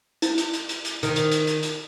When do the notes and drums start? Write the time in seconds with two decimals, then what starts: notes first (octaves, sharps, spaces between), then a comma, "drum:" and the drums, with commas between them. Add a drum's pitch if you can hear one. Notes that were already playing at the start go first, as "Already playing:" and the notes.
0.22 E4, drum: hi-hat
0.38 drum: hi-hat
0.54 drum: hi-hat
0.69 drum: hi-hat
0.85 drum: hi-hat
1.03 D#3, drum: hi-hat
1.16 drum: hi-hat
1.32 drum: hi-hat
1.47 drum: hi-hat
1.63 drum: hi-hat